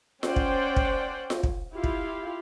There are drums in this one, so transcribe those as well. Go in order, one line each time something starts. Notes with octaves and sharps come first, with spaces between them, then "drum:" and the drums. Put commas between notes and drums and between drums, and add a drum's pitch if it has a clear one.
C#4 C5 D5 F#5 G5, drum: snare F4
drum: kick
drum: kick
drum: snare F4
drum: kick
E4 F4 G4 F5
drum: kick